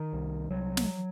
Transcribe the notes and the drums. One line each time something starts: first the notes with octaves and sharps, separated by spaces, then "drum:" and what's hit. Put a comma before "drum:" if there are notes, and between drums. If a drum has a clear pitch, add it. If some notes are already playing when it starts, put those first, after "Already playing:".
Already playing: D#3
C2
C2 F#3
drum: snare